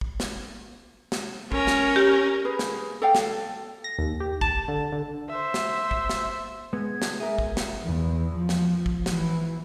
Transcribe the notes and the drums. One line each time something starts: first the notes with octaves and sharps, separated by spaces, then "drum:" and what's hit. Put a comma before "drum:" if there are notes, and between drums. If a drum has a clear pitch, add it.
drum: kick
drum: snare
drum: snare
C#4 A#4, drum: kick
drum: snare
G4
G#4 B4
drum: snare
A4 D5 F5 G5
drum: snare
A#6
D#2
G4
A5, drum: kick
D3
D3
C5 E5
drum: snare
drum: kick
drum: snare
G#3 B3 G#6
drum: snare
G#4 A#4 E5
drum: kick
drum: snare
E2
F3
drum: snare
drum: kick
E3, drum: snare